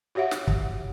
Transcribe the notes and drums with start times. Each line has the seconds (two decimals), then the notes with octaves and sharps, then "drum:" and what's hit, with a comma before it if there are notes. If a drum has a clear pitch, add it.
0.15 F#4 G4 C#5 E5 F#5
0.31 drum: snare
0.47 drum: kick